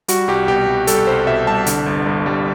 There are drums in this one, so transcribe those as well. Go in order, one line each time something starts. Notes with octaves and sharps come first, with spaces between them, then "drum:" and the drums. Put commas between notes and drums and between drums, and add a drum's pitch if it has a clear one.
G3 F#4, drum: hi-hat
C2 G4
B2 G4
C2
G3 A4, drum: hi-hat
C2 C5
B2 E5
C2 A5
D3, drum: hi-hat
G1
G2
G3